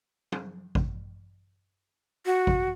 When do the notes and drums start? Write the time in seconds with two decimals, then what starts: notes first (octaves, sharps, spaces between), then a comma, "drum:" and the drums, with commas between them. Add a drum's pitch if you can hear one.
0.32 drum: tom F#3
0.75 drum: kick G#1
2.26 F#4
2.47 drum: kick G#1